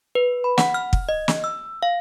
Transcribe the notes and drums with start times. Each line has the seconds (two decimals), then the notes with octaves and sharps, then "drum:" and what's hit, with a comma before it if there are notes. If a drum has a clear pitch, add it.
0.15 B4
0.44 B5
0.58 F#5, drum: snare
0.74 F6
0.93 drum: kick
1.09 D#5
1.28 drum: snare
1.44 E6
1.83 F5